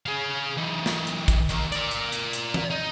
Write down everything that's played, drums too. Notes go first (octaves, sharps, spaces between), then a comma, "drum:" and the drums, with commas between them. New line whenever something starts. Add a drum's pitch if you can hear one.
G#4 F5
E3 D#4
drum: snare
drum: hi-hat
drum: kick, hi-hat
D#3 A#3, drum: hi-hat
A#4 D5, drum: hi-hat
drum: hi-hat
drum: hi-hat
drum: hi-hat
drum: tom E3
D#4